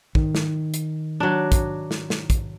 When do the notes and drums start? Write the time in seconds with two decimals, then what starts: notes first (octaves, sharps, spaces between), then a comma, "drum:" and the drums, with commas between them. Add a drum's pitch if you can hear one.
0.15 D#3, drum: kick
0.35 drum: snare
0.74 drum: hi-hat
1.20 F#3 D4
1.52 drum: kick, hi-hat
1.91 drum: snare
2.10 drum: snare
2.30 drum: kick, hi-hat